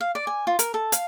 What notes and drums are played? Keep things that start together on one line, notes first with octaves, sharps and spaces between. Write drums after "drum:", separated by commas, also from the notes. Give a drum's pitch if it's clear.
F5
D5
G#5
F4
A#4, drum: hi-hat
A4
F5, drum: hi-hat